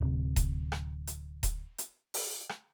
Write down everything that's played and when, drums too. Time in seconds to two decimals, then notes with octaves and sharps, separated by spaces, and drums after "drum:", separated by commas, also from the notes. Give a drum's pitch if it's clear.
0.01 D1 C3
0.36 drum: kick D#1, hi-hat
0.72 drum: rim click
1.07 drum: hi-hat
1.43 drum: kick D#1, hi-hat
1.78 drum: hi-hat
2.14 drum: open hi-hat
2.49 drum: rim click